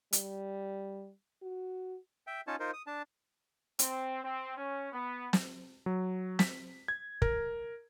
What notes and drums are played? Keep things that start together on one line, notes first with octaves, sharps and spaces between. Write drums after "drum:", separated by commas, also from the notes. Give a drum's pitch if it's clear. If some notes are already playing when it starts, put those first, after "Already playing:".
G3, drum: hi-hat
F#4
E5 G5
C#4 D#4 F4 C#5 A5
D#4 F4 A#4 C5
D#6
D4 A5
C4, drum: hi-hat
C4
C#4
B3
drum: snare
F#3
B6, drum: snare
G#6
A#4, drum: kick